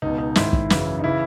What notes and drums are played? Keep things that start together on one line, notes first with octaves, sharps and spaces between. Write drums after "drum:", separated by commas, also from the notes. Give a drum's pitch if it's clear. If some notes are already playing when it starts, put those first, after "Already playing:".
C#2 B2 D#4
D#4
G#2 D#3 E4, drum: snare
drum: kick
F#2 C#3 E3, drum: snare
D#4
C#3 E3 E4